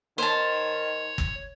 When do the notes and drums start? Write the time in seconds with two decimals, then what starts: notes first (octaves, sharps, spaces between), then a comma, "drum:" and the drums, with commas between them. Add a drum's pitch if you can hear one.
0.18 D#3 C5 C#5 A5
1.18 drum: kick